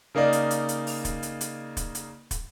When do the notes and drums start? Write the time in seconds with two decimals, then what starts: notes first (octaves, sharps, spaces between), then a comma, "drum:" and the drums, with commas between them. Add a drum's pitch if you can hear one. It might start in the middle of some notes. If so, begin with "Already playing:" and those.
0.15 C#3 A#3 D#4 D5 D#5
0.33 drum: hi-hat
0.51 drum: hi-hat
0.69 drum: hi-hat
0.87 drum: open hi-hat
1.05 drum: kick, hi-hat
1.23 drum: hi-hat
1.41 drum: hi-hat
1.77 drum: kick, hi-hat
1.95 drum: hi-hat
2.31 drum: kick, hi-hat